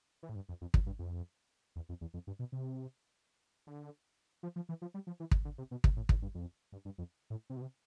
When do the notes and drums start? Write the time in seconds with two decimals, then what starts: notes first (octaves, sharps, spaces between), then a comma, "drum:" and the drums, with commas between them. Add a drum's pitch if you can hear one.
0.23 E3
0.29 A2
0.35 G2
0.49 F2
0.61 F2
0.74 E2, drum: kick
0.86 G2
0.99 F2
1.76 E2
1.89 F2
2.01 E2
2.14 F2
2.27 G2
2.39 B2
2.52 C3
3.67 D3
4.43 F3
4.56 F3
4.69 E3
4.82 F3
4.94 G3
5.07 F3
5.20 E3
5.31 drum: kick
5.45 D3
5.58 C3
5.71 B2
5.84 C3, drum: kick
5.96 A2
6.09 A2, drum: kick
6.22 G2
6.35 F2
6.72 G2
6.85 G2
6.98 F2
7.30 A2
7.50 C3
7.57 B2
7.62 C3